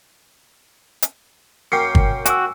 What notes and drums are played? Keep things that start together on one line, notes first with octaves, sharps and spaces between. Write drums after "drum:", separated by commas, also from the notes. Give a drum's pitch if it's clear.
drum: hi-hat
F#2 A#3 C#4 G5 C7 C#7
drum: kick G1
F#4 G#5 D6 E6, drum: hi-hat